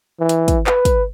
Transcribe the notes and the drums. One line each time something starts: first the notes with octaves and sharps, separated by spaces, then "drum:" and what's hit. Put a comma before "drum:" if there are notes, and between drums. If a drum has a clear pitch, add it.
E3
drum: hi-hat
drum: kick, hi-hat
B4, drum: clap
drum: kick, hi-hat